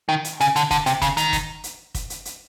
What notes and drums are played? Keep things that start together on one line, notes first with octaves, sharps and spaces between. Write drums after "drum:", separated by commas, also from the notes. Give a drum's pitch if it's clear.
D#3
drum: hi-hat
C#3, drum: hi-hat
D3, drum: hi-hat
D3, drum: kick, hi-hat
C3, drum: hi-hat
C#3, drum: kick, hi-hat
D#3, drum: hi-hat
drum: kick, hi-hat
drum: hi-hat
drum: kick, hi-hat
drum: hi-hat
drum: hi-hat